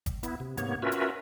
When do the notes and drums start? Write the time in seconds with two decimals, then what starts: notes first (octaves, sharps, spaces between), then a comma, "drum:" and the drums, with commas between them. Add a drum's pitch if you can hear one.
0.06 drum: kick, hi-hat
0.23 B3 E4, drum: hi-hat
0.40 C3
0.57 G#2 C3 A#3 B3 C#5, drum: hi-hat
0.82 C#4 F4 F#4 A#4 B4 E5
0.92 drum: hi-hat